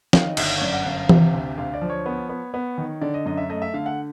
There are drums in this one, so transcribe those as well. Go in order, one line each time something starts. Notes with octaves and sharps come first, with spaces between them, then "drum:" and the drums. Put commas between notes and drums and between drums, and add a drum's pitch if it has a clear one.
D#3 F5, drum: snare
D#5
G1 E5, drum: cymbal
F5
C#5
F#2 D5
F#5
G1 F5
F5
C3, drum: tom E3
D2
D2 F5
D5
F3
C#5
B3
B3
B3
D#3
D3 D5
D#5
F#2 D#5
E5
A3 D#5
E5
D3 F5
F#5